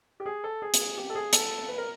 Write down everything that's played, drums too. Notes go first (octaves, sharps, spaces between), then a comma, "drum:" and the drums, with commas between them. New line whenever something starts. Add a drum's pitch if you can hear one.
G4
G#4
A4
G#4
drum: hi-hat
G4
A4
G#4
A4, drum: hi-hat
B4
A#4